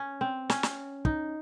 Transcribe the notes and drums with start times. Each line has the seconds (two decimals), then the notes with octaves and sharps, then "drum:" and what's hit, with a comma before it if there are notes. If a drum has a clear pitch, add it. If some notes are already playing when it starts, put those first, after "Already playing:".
Already playing: C#4
0.21 C4
0.50 C#4, drum: snare
0.63 drum: snare
1.05 D#4, drum: kick